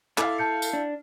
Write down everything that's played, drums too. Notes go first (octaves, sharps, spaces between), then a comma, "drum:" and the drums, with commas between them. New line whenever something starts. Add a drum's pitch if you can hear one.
E4 A4 F5 D6, drum: clap
A5 G6 C#7
drum: tambourine
D4